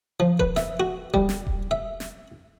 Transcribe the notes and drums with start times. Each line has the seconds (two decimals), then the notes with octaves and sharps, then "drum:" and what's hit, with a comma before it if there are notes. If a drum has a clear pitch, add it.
0.20 F3
0.40 B4, drum: kick D#1
0.56 E5, drum: snare
0.80 F#4
1.14 G3, drum: kick D#1
1.29 drum: snare
1.47 drum: kick D#1
1.71 E5
2.00 drum: snare